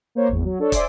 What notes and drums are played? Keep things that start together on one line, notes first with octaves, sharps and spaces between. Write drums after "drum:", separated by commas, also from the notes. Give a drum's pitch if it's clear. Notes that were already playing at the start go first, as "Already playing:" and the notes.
A#3 C5 C#5
G#1 E2
F#3
D4 A4 C#5
C5 D5 E5 G#5 C6 D6, drum: kick, hi-hat